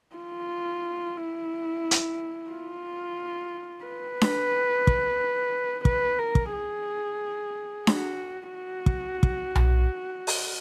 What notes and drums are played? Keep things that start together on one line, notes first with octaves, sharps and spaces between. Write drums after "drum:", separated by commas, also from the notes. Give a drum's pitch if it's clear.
F4
E4
drum: hi-hat
F4
B4
drum: snare D4
drum: kick
B4, drum: kick
A#4
drum: kick
G#4
F#4, drum: snare D4
F#4
drum: kick
drum: kick
drum: tom B1
drum: open hi-hat